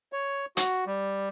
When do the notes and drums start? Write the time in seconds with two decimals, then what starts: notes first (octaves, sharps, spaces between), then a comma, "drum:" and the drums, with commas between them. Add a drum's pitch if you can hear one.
0.13 C#5
0.57 F#4, drum: hi-hat
0.87 G3